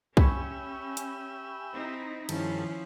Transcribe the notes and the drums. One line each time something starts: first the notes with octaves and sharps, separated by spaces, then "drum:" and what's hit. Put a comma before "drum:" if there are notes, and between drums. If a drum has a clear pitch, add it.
C#4 G4 E5 G#5 B5 C#6, drum: kick
drum: hi-hat
C4 D#4 E4
G2 D#3 F3 C#4 E4 A4, drum: cymbal